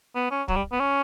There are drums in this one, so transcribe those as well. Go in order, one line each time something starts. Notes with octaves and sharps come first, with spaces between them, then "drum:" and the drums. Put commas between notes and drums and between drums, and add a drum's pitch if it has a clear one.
B3
C#4
F#3, drum: kick
G3
B3
C#4